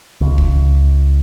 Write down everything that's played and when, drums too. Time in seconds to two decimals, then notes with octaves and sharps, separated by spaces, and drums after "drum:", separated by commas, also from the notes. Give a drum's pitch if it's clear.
0.21 C#2
0.38 drum: kick